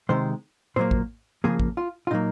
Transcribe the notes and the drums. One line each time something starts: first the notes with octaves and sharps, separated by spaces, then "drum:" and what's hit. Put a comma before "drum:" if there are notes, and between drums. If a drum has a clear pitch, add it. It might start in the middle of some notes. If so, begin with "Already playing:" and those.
C3 D#3 G#3 C5
A#2 F#3 A#3 C5
drum: kick
C#3 F3 A#3 G#4
drum: kick
F4
F4
A#2 F#3 A#3 D#4